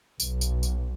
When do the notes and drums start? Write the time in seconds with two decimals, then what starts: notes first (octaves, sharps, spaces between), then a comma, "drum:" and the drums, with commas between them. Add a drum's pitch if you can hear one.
0.20 B1, drum: tambourine
0.41 drum: tambourine
0.63 drum: tambourine